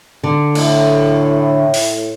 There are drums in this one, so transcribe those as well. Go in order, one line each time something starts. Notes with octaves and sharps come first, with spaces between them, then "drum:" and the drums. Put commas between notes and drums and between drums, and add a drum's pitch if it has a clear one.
D3
A2, drum: cymbal
drum: open hi-hat